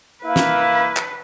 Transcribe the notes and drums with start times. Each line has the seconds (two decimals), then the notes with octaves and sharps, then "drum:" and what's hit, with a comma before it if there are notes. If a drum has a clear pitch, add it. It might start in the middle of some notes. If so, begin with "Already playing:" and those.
0.25 A#3 E4 B4 F5
0.36 drum: snare
0.97 drum: clap